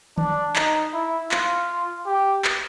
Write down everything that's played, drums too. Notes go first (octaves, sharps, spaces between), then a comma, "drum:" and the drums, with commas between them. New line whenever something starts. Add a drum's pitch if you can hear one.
D4, drum: tom
D#4, drum: clap
E4
F4, drum: clap
G4
drum: clap